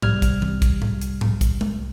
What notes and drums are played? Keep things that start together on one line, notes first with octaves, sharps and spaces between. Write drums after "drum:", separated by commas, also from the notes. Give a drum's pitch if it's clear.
C2 G3 F6 G#6, drum: tom G#2
drum: kick, hi-hat
drum: tom E3
drum: kick, hi-hat
drum: tom G#2
drum: hi-hat
drum: tom G#2
drum: kick, hi-hat
drum: tom G#3